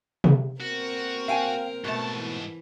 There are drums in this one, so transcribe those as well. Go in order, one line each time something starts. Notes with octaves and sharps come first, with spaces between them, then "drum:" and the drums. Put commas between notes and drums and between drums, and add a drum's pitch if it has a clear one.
drum: tom C3
A#3 C4 F#4 A#4
F5 G5 G#5
G#2 B2 A3 A5
E3